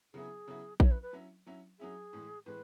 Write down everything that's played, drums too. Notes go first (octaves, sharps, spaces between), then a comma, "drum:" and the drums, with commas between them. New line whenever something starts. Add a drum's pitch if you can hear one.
C#3 F#3 B3 E4 G#4
C#3 F#3 B3 E4
F#3 C#4 E4 C#5, drum: kick A#1
B4
B4
F#3 C#4 E4
F#3 C#4 E4
F#3 C#4 E4 G#4
A2 E3 G#3
A2 E3 G#3 B4